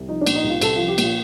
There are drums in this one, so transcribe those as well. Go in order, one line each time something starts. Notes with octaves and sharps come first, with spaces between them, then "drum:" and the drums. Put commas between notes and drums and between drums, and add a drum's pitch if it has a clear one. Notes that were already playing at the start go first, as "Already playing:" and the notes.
Already playing: C2
F3 D#4
D4
A#2, drum: cymbal
D#4
C2
F4
C2 A4, drum: cymbal
F3 F4
G4
A#2 F4, drum: cymbal